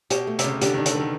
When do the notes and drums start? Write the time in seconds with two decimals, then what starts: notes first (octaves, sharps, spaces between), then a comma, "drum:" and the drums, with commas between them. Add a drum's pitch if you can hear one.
0.10 B2 G4, drum: hi-hat
0.27 A3
0.39 C3, drum: hi-hat
0.44 C#3 G4
0.61 D3 G4, drum: hi-hat
0.74 D#3 D4
0.86 D3, drum: hi-hat
0.95 D#3 B4